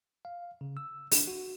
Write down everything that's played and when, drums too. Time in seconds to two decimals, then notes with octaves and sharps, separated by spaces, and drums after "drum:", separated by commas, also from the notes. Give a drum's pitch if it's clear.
0.25 F5
0.61 C#3
0.77 E6
1.11 D4, drum: open hi-hat
1.27 F#4